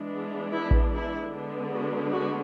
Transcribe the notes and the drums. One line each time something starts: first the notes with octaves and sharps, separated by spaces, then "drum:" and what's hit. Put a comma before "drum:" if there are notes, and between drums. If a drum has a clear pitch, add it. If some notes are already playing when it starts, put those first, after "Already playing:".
Already playing: E3 G#3 B3 D4
E4
drum: kick A1
E4
D3 G#3 B3 D4
F#4
F#4